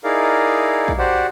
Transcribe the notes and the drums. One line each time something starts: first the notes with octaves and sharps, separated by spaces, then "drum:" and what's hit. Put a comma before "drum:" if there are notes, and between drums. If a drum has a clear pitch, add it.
D#4 E4 G#4 A#4 D5 F5
drum: kick
F#4 G4 C5 D5 F#5